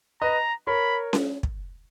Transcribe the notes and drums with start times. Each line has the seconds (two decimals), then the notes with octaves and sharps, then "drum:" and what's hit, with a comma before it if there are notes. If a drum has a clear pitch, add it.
0.21 B4 D#5 A#5
0.67 A#4 C#5 B5
1.13 drum: snare C#4
1.43 drum: kick